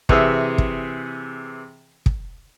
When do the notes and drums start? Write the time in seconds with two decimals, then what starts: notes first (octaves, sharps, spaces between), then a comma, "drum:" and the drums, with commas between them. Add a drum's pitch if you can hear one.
0.09 C3 E3 G#4 E5, drum: kick
0.58 drum: kick
2.06 drum: kick